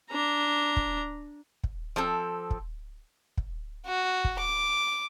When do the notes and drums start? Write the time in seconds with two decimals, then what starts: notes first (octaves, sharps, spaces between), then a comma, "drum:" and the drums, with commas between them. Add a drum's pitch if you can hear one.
0.10 D4 A#5
0.77 drum: kick
1.64 drum: kick
1.96 F3 C4 A4
2.50 drum: kick
3.37 drum: kick
3.86 F#4
4.24 drum: kick
4.39 D6